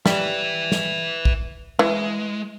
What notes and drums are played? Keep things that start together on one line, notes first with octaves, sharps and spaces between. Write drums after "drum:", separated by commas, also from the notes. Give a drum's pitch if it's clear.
G3 B4 E5, drum: snare
drum: snare
drum: kick
E3 G#3